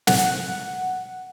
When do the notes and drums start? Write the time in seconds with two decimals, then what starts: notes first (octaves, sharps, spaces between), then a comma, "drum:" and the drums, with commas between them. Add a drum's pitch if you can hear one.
0.07 F#5, drum: snare